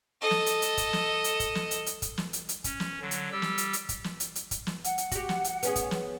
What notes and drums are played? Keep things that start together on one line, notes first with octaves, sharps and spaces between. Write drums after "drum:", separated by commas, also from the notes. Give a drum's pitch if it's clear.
A4 D#5
drum: snare
drum: hi-hat
drum: hi-hat
drum: kick, hi-hat
drum: snare
drum: hi-hat
drum: kick, hi-hat
drum: snare
drum: hi-hat
drum: hi-hat
drum: kick, hi-hat
drum: snare
drum: hi-hat
drum: hi-hat
C#4, drum: kick, hi-hat
drum: snare
D3 F#3
drum: hi-hat
G3 G4 E6
drum: snare
drum: hi-hat
drum: hi-hat
drum: kick, hi-hat
drum: snare
drum: hi-hat
drum: hi-hat
drum: kick, hi-hat
drum: snare
F#5, drum: hi-hat
drum: hi-hat
F#4 G4, drum: kick, hi-hat
drum: snare
drum: hi-hat
B3 C#4 G#4, drum: hi-hat
drum: kick, hi-hat
drum: snare